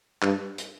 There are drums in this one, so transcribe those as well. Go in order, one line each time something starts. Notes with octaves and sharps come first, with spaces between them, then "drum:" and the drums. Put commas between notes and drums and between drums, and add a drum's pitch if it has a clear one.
G2, drum: clap
drum: hi-hat